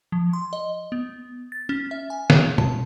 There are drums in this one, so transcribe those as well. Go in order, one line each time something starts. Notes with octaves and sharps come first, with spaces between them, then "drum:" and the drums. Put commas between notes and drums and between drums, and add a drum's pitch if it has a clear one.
F3
C6
D#5
B3
A6
C#4
E5
G#5
F7, drum: snare
A5, drum: tom B2